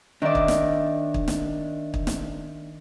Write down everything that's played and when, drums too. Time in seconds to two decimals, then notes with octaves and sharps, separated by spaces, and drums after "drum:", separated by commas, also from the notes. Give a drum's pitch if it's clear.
0.22 D#3 D4 D5 E5
0.35 drum: kick
0.48 drum: snare
1.14 drum: kick
1.28 drum: snare
1.94 drum: kick
2.07 drum: snare